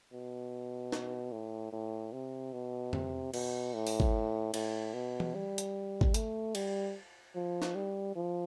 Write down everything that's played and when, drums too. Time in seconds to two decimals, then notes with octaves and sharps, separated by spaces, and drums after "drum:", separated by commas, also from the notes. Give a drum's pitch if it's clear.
0.12 B2
0.92 drum: snare
1.32 A2
1.72 A2
2.13 C3
2.53 B2
2.93 C3, drum: tom F2
3.34 B2, drum: cymbal
3.74 A2
3.87 drum: open hi-hat
4.00 drum: kick
4.54 A2, drum: cymbal
4.94 B2
5.20 drum: tom E3
5.35 G3
5.58 drum: hi-hat
6.01 drum: kick
6.14 A3, drum: hi-hat
6.55 G3, drum: cymbal
7.35 F3
7.62 drum: snare
7.75 G3
8.16 F3